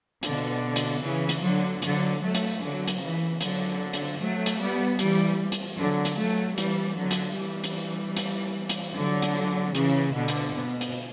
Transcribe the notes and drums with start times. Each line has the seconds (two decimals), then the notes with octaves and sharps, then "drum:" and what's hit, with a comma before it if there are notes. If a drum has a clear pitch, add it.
0.23 B2 D3, drum: hi-hat
0.76 drum: hi-hat
1.02 C#3 E3
1.29 drum: hi-hat
1.42 D3 F#3
1.82 D3 F#3, drum: hi-hat
2.21 F#3 A3
2.35 drum: hi-hat
2.61 D3 F#3
2.88 drum: hi-hat
3.00 C#3 E3
3.41 D3 F#3, drum: hi-hat
3.93 drum: hi-hat
4.20 F#3 A3
4.46 drum: hi-hat
4.60 G3 B3
4.99 E3 G3, drum: hi-hat
5.52 drum: hi-hat
5.78 D3 F#3
6.05 drum: hi-hat
6.18 F#3 A3
6.58 E3 G3, drum: hi-hat
6.98 D3 F#3
7.11 drum: hi-hat
7.37 E3 G3
7.64 drum: hi-hat
8.17 drum: hi-hat
8.69 drum: hi-hat
8.96 D3 F#3
9.22 drum: hi-hat
9.75 C#3 E3, drum: hi-hat
10.14 B2 D3
10.28 drum: hi-hat
10.55 B2
10.81 drum: hi-hat